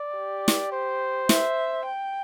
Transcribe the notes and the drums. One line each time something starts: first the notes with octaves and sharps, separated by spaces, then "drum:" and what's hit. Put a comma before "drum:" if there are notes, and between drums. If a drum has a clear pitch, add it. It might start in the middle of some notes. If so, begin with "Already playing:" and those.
Already playing: D5
G4
drum: snare
C5
E5, drum: snare
G5